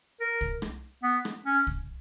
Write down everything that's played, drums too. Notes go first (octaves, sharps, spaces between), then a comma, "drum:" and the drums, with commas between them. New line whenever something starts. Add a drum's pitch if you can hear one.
A#4
drum: kick C2
drum: rim click
B3
drum: rim click
C#4
drum: kick C2